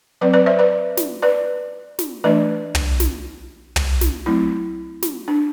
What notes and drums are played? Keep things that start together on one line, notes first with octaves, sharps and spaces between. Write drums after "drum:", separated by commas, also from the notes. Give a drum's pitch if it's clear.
F#3 C4 B4 D5
B4 D5
C5 E5
B4 D5
drum: snare
B4 D5
drum: snare
E3 A3 D4 B4 D5
drum: tom
drum: snare
drum: tom
drum: snare
F#3 A3 C4 E4
drum: snare
D4